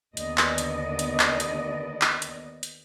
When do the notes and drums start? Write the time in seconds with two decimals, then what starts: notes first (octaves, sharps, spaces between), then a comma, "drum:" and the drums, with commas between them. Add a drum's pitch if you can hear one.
0.17 D#2 D3 B3 D5 D#5, drum: hi-hat
0.38 drum: clap
0.58 drum: hi-hat
0.99 drum: hi-hat
1.19 drum: clap
1.40 drum: hi-hat
2.01 drum: clap
2.22 drum: hi-hat
2.63 drum: hi-hat